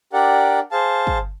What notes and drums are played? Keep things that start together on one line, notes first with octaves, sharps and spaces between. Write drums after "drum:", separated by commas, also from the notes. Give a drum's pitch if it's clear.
D4 G4 A#4 D5 F#5
G#4 C5 F5 A5
drum: kick